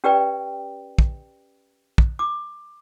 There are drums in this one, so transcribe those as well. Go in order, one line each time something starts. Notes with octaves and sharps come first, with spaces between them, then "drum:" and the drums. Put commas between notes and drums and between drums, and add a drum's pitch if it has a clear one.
C#4 G4 B4 D5 G5
drum: kick
drum: kick
D6